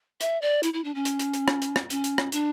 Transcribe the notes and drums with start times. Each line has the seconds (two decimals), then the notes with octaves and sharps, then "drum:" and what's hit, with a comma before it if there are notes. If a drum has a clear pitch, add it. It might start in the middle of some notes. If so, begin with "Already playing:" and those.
0.21 E5, drum: hi-hat
0.41 D5
0.63 E4, drum: hi-hat
0.73 E4
0.84 D4
0.95 C#4
1.05 drum: hi-hat
1.19 drum: hi-hat
1.34 drum: hi-hat
1.48 drum: rim click
1.62 drum: hi-hat
1.76 drum: rim click
1.90 C#4, drum: hi-hat
2.04 drum: hi-hat
2.18 drum: rim click
2.32 D4, drum: hi-hat